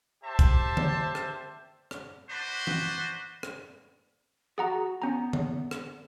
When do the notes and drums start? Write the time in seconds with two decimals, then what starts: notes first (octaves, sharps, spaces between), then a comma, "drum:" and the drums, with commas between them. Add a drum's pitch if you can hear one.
0.23 G4 C5 E5 A5
0.39 drum: kick, hi-hat
0.77 drum: tom D3
1.15 drum: rim click
1.91 drum: rim click
2.29 D4 F#4 B4 C5
2.67 drum: tom E3
3.43 drum: rim click
4.58 F#4 G#4 F#5 A#5
5.02 B3 C#4 A#5
5.33 drum: tom D3
5.71 drum: rim click